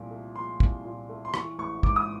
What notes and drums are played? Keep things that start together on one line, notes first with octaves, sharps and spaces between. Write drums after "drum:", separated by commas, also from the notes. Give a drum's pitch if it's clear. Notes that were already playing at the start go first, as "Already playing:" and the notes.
Already playing: C2 A#2 F3
A3
F3 C6
C2, drum: kick
A#2
A3
C6
E3 C#6, drum: rim click
A1 C#6
G#2 D6, drum: kick
D#6